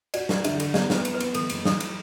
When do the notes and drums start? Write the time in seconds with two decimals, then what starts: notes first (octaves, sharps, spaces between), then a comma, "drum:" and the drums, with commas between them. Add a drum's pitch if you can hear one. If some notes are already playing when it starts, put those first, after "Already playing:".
0.14 F#4 D5, drum: cymbal
0.29 A4 D5, drum: snare
0.44 D3 E5, drum: cymbal
0.60 A4, drum: cymbal
0.74 B3 D5, drum: snare
0.90 E4 B4, drum: snare
1.05 B3, drum: cymbal
1.14 B4
1.20 B3, drum: cymbal
1.34 E3 A4, drum: cymbal
1.50 F#1, drum: cymbal
1.65 E3 A4, drum: snare
1.80 drum: cymbal